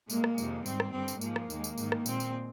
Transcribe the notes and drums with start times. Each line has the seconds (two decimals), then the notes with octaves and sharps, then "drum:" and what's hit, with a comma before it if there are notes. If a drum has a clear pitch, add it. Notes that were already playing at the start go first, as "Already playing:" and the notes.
0.10 A#2 G#3 A#3, drum: tambourine
0.24 drum: rim click
0.38 F2 C3 D#3 G#3, drum: tambourine
0.66 G#2 G3 C4, drum: tambourine
0.80 drum: rim click
0.94 G2 D3 G3 C4
1.08 drum: tambourine
1.21 G#2 F3 G#3 A#3, drum: tambourine
1.36 drum: rim click
1.50 D#2 D#3 G#3, drum: tambourine
1.64 drum: tambourine
1.78 G#2 D#3 G#3, drum: tambourine
1.92 drum: rim click
2.06 A#2 G#3 C4, drum: tambourine
2.20 drum: tambourine